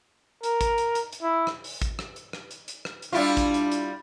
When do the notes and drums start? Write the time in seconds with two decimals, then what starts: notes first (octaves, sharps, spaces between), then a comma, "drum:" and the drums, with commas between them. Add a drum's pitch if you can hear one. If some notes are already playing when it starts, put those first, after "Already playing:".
0.43 A#4, drum: hi-hat
0.61 drum: kick, hi-hat
0.78 drum: hi-hat
0.95 drum: hi-hat
1.12 drum: hi-hat
1.22 E4
1.47 drum: rim click
1.64 drum: open hi-hat
1.82 drum: kick, hi-hat
1.99 drum: rim click
2.16 drum: hi-hat
2.33 drum: rim click
2.51 drum: hi-hat
2.68 drum: hi-hat
2.85 drum: rim click
3.02 drum: hi-hat
3.12 G3 D4 E4 F4
3.37 drum: kick, hi-hat
3.54 drum: hi-hat
3.71 drum: hi-hat